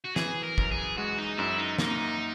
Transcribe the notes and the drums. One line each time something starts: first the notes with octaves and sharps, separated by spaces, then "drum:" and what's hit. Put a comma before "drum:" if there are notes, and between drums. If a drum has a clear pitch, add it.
F#4
E3 G#4, drum: snare
A#4
F#2, drum: kick
G#4
G#3 F#4
D#4
F#2 E4
D#4
A#3 D#4, drum: snare